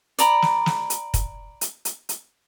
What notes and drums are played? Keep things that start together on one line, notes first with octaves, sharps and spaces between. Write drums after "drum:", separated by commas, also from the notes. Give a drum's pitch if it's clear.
D5 A#5 B5, drum: hi-hat
drum: snare
drum: snare
drum: hi-hat
drum: kick, hi-hat
drum: hi-hat
drum: hi-hat
drum: hi-hat